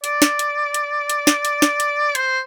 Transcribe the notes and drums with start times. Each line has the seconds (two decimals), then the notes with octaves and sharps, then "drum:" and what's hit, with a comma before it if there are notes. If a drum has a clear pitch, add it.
0.04 D5, drum: hi-hat
0.22 drum: snare
0.39 drum: hi-hat
0.74 drum: hi-hat
1.10 drum: hi-hat
1.27 drum: snare
1.45 drum: hi-hat
1.62 drum: snare
1.80 drum: hi-hat
2.15 C5, drum: hi-hat